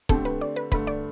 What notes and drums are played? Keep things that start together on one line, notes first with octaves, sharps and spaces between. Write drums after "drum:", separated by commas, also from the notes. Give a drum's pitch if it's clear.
D3 A3 C4 G4 A4, drum: kick
B4
D5
B4
G2 D3 A3 B4, drum: kick
D5